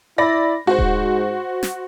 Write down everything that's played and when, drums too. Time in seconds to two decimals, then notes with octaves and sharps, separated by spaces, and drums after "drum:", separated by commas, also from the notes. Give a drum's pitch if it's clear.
0.18 E4 D5 B5 A#6
0.67 G#2 F#4 C5
0.79 drum: kick D#1
1.63 drum: snare